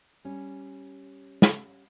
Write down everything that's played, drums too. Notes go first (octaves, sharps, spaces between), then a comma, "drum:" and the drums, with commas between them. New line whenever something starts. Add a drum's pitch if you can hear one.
G3 C#4
drum: snare